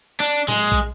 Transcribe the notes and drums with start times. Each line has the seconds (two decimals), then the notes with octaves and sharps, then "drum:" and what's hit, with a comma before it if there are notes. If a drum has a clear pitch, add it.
0.20 D4
0.48 G#3, drum: tom A2
0.72 drum: kick, hi-hat